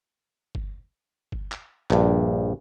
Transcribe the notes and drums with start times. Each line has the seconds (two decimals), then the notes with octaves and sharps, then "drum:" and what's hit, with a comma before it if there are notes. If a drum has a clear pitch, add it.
0.55 drum: kick G1
1.32 drum: kick G1
1.52 drum: clap
1.90 A#1 G2, drum: clap